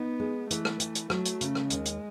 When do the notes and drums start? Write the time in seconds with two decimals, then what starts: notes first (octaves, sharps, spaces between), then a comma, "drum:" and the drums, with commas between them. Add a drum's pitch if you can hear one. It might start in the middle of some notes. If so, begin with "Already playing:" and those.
Already playing: B3 D#4
0.20 G#3
0.51 E3 A3, drum: hi-hat
0.65 drum: rim click
0.80 E3, drum: hi-hat
0.95 drum: hi-hat
1.10 F#3 A3, drum: rim click
1.25 drum: hi-hat
1.41 C#3, drum: hi-hat
1.55 drum: rim click
1.70 D#2 G#3, drum: hi-hat
1.85 drum: hi-hat